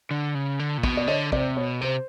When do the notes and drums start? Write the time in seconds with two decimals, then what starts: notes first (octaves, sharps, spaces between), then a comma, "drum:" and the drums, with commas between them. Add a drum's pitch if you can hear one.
0.11 D3
0.35 C#3
0.59 D3
0.78 A#2
0.83 B2, drum: kick
0.97 D5
1.07 D3 C#5 D#5
1.32 C3 C5 D5, drum: kick
1.57 B2 C#5
1.81 C3 C5